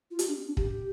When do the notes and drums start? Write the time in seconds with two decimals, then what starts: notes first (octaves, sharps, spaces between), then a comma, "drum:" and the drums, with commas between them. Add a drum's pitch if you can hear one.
0.11 F4
0.19 G4, drum: hi-hat
0.28 D4
0.38 C4
0.47 D4
0.57 G4, drum: kick